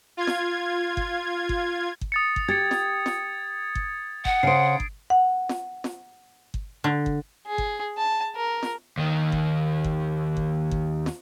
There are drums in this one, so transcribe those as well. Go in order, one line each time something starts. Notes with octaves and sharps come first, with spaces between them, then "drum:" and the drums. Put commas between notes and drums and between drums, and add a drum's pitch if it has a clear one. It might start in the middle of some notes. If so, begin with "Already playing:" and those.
F4 G#6
drum: snare
drum: kick G1
drum: kick G1
drum: kick G1
D#6 A6 C#7
drum: kick G1
G4 G#6 A6 C#7
drum: snare
drum: snare
drum: kick G1
F#5, drum: kick G1
C#3 C5 C7 D7
drum: kick G1
F#5
drum: snare
drum: snare
drum: kick G1
D3
drum: kick G1
G#4
drum: kick G1
A5
A#4
drum: snare
D#2 D#3
drum: kick G1
drum: kick G1
drum: kick G1
drum: kick G1
drum: snare